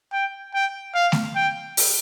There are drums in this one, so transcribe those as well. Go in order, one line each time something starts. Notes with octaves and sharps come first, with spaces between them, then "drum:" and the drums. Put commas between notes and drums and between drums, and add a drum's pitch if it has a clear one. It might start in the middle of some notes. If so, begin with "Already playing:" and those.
G5
G5
F5
drum: snare A3
G5
drum: open hi-hat